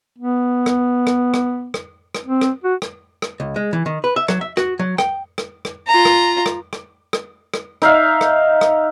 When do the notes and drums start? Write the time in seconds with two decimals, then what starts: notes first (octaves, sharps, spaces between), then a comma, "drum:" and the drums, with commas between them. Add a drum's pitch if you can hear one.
0.18 B3
0.66 drum: rim click
1.07 drum: rim click
1.34 drum: rim click
1.74 drum: rim click
2.15 drum: rim click
2.25 C4
2.41 drum: rim click
2.64 F#4
2.82 drum: rim click
3.22 drum: rim click
3.40 C#2
3.56 G#3
3.73 E3
3.86 D#3
4.04 B4
4.16 E5
4.28 F#3, drum: rim click
4.41 E5
4.57 F#4, drum: rim click
4.79 F#3
4.98 G5, drum: rim click
5.38 drum: rim click
5.65 drum: rim click
5.88 F4 A#5
6.05 drum: rim click
6.46 drum: rim click
6.73 drum: rim click
7.13 drum: rim click
7.54 drum: rim click
7.82 D#4 E5 F5, drum: rim click
8.21 drum: rim click
8.61 drum: rim click